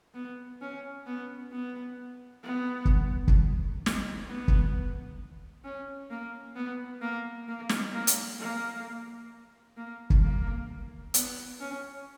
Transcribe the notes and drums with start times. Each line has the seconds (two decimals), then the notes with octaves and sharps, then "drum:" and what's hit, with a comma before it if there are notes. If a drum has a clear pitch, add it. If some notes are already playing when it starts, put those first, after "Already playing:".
0.14 B3
0.61 C#4
1.06 B3
1.52 B3
2.43 B3
2.85 drum: kick
3.28 drum: kick
3.86 drum: snare
4.27 B3
4.48 drum: kick
5.64 C#4
6.10 A#3
6.56 B3
7.02 A#3
7.48 A#3
7.69 drum: snare
7.93 A#3
8.07 drum: hi-hat
8.39 A#3
9.77 A#3
10.10 drum: kick
10.22 A#3
11.14 B3, drum: hi-hat
11.60 C#4